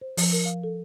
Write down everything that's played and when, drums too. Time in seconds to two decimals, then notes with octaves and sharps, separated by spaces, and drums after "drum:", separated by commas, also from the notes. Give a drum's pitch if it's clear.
0.01 C5
0.17 F3, drum: open hi-hat
0.32 A#4
0.45 F5
0.64 A4